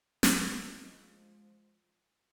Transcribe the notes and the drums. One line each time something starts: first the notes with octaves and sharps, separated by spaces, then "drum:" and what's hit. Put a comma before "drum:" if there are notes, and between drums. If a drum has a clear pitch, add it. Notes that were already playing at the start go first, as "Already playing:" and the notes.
F3 G#3, drum: snare